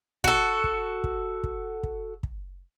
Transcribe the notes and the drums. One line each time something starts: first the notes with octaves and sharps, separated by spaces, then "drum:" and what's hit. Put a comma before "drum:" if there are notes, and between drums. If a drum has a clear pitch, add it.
F#4 A4, drum: kick
drum: kick
drum: kick
drum: kick
drum: kick
drum: kick